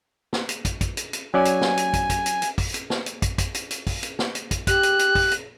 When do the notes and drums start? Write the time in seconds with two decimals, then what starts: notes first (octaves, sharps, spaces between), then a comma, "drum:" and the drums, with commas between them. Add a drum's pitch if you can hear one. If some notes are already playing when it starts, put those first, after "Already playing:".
0.33 drum: snare
0.49 drum: hi-hat
0.65 drum: kick, hi-hat
0.81 drum: kick, hi-hat
0.97 drum: hi-hat
1.13 drum: hi-hat
1.34 F#3 C#4 D5 G#5
1.45 drum: hi-hat
1.61 drum: snare
1.77 drum: hi-hat
1.94 drum: kick, hi-hat
2.10 drum: kick, hi-hat
2.26 drum: hi-hat
2.42 drum: hi-hat
2.58 drum: kick, open hi-hat
2.74 drum: hi-hat
2.90 drum: snare
3.06 drum: hi-hat
3.22 drum: kick, hi-hat
3.38 drum: kick, hi-hat
3.54 drum: hi-hat
3.71 drum: hi-hat
3.87 drum: kick, open hi-hat
4.03 drum: hi-hat
4.19 drum: snare
4.35 drum: hi-hat
4.51 drum: kick, hi-hat
4.67 G4 F#6, drum: kick, hi-hat
4.83 drum: hi-hat
4.99 drum: hi-hat
5.15 drum: kick, open hi-hat
5.31 drum: hi-hat